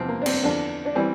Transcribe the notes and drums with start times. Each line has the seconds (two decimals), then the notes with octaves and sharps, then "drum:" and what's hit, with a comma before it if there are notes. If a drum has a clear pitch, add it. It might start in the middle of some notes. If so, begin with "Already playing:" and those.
Already playing: E2 C3 F3 C4
0.08 A#3
0.22 D4
0.26 C4, drum: cymbal
0.44 E2 D3 F3 D4
0.85 D4
0.95 E3 G3 C4